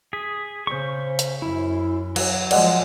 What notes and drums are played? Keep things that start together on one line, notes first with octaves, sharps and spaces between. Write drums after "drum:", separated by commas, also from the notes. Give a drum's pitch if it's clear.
G#4 B6
C#3 C5 C#6
drum: hi-hat
F#2 E4
F#3, drum: cymbal
F3 G#3 D5 D#5 F#5, drum: cymbal